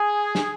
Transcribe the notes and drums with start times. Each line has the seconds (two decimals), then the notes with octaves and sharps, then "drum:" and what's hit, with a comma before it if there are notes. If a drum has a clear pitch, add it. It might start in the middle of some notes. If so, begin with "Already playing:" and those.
Already playing: G#4
0.35 drum: snare